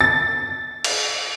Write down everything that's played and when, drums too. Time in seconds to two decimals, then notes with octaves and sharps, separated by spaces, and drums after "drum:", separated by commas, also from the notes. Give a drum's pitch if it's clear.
0.01 A6
0.84 drum: cymbal